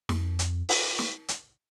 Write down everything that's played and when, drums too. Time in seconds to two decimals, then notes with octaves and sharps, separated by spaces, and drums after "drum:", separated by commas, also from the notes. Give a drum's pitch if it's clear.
0.09 F2, drum: snare
0.39 drum: hi-hat
0.69 drum: open hi-hat
0.99 drum: snare
1.28 drum: hi-hat